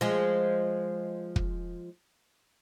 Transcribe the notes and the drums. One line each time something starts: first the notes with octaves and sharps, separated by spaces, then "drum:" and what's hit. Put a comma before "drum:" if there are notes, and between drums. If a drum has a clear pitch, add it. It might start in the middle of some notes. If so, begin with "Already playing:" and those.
F3 G#3
drum: kick